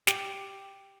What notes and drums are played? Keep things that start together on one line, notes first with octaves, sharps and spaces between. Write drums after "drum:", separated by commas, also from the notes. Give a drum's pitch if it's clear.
G4, drum: snare